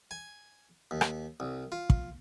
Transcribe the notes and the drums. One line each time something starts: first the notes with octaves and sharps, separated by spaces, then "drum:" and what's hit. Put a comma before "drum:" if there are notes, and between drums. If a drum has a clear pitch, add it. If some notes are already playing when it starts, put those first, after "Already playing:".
G#5
D#2
drum: rim click
C2
F4
drum: kick